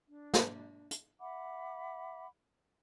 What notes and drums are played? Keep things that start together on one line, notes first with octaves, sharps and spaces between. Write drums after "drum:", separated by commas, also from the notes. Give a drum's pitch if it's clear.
D4
drum: snare
drum: hi-hat
E5 F#5 B5 D6